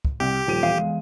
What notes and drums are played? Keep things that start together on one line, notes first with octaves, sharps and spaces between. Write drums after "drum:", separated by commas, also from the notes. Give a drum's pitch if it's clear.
drum: kick
C2 G4
D#1 F3 D#7
E2 F5
G#3